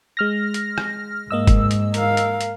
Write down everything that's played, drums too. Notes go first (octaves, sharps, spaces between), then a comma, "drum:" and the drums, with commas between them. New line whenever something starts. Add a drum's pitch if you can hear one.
G#3 F6 A#6
drum: hi-hat
drum: rim click
G#2 A#3 D#5 E6
drum: kick, hi-hat
drum: hi-hat
A#4 F5, drum: hi-hat
drum: hi-hat
drum: hi-hat